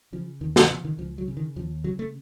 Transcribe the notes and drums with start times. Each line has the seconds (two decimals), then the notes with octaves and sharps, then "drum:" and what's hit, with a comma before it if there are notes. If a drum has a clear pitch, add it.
0.13 C#3 F3
0.41 D#2 D#3
0.56 D#3, drum: snare
0.70 C#3 F3
0.85 D#3
0.98 C#2 F3
1.18 F#3
1.28 C#3
1.37 D#3
1.56 D#2 F3
1.84 C#3 F#3
1.99 A3